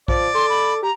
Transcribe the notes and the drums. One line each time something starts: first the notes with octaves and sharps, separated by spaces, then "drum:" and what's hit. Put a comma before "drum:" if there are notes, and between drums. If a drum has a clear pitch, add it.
F3 D5, drum: kick
A4 C6
B5
G4 A#5